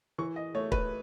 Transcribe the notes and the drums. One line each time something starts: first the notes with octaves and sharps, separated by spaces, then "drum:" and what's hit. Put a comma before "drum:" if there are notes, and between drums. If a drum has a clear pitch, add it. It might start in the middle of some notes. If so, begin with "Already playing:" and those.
E3 C#6
D#5
A3 C#5
B4, drum: kick